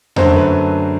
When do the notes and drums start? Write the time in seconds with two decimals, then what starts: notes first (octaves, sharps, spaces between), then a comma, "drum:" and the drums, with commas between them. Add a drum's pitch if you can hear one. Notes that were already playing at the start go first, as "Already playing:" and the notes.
0.16 F#2 D3 F#3 A3 C5, drum: tom E2
0.36 B4